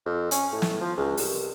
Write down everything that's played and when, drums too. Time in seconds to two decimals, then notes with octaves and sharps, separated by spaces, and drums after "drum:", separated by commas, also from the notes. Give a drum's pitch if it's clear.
0.06 F2
0.31 C#4, drum: hi-hat
0.52 A2
0.62 drum: snare
0.81 F3
0.97 C#2
1.17 C2, drum: open hi-hat